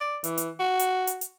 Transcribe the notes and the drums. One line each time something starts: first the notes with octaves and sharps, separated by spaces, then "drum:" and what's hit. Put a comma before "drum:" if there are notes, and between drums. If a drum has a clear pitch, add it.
D5
E3, drum: hi-hat
drum: hi-hat
F#4
drum: hi-hat
drum: hi-hat
drum: hi-hat